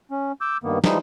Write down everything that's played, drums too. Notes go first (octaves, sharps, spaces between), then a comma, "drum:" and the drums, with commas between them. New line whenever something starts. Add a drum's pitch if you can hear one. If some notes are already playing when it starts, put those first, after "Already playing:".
C#4
D6 E6 G6
G2 D#3 A#3 B3
E3 F3 G3 G#3 D#4, drum: snare